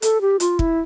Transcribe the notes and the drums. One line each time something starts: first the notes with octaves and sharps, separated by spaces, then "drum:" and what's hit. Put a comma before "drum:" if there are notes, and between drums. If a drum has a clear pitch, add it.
A4, drum: hi-hat
G4
F4, drum: hi-hat
E4, drum: kick